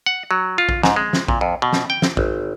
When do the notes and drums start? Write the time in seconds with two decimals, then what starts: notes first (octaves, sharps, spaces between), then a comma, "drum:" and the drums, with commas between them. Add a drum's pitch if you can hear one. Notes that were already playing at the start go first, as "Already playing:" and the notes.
0.06 F#5
0.31 F#3
0.58 F4
0.69 drum: kick A#1
0.83 G#2, drum: snare
0.96 G#3
1.13 drum: snare
1.28 A#2, drum: kick A#1
1.41 F2
1.62 B2
1.73 drum: snare
1.90 G5
2.02 drum: snare
2.17 G#1, drum: kick A#1